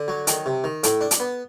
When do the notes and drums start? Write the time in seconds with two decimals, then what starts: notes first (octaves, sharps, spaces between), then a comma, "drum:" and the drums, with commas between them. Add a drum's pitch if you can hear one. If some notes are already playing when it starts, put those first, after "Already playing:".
Already playing: D3
0.08 F#3
0.27 D#3, drum: hi-hat
0.46 C3
0.64 D#3
0.83 A2, drum: hi-hat
1.01 D4
1.11 drum: hi-hat
1.20 B3